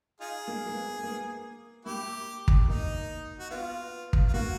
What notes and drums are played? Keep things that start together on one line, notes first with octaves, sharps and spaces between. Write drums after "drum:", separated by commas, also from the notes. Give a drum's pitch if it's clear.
D#4 F4 G#4
A#3
A#3
B3
A#3
A#3 E4 G4
drum: kick
A#3 D#4
F#4
B3 F4
drum: kick
F4
A#3 F#4